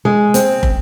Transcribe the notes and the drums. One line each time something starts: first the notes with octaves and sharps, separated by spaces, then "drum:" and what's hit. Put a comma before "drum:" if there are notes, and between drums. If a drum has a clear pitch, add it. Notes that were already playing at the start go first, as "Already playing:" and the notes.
G#3
C4, drum: hi-hat
drum: kick